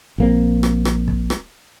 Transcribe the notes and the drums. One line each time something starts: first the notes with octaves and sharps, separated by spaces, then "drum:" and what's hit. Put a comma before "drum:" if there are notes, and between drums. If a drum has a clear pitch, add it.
A#1 A#3 C4
drum: rim click
drum: rim click
drum: kick
drum: rim click